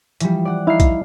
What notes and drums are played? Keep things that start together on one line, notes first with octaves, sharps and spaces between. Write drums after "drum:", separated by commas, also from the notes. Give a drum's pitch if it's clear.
E3 F3 G3, drum: hi-hat
D5 F#5
D#4 E4 F5 F6 C7
drum: kick, hi-hat